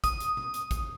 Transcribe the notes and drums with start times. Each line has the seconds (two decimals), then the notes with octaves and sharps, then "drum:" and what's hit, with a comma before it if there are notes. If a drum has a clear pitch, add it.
0.04 D#6, drum: kick, hi-hat
0.20 drum: hi-hat
0.37 drum: tom B2
0.54 drum: hi-hat
0.71 drum: kick, hi-hat